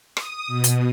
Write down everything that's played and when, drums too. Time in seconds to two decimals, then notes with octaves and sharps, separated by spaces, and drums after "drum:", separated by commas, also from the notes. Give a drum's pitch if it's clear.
0.17 D#6, drum: rim click
0.47 B2
0.64 drum: hi-hat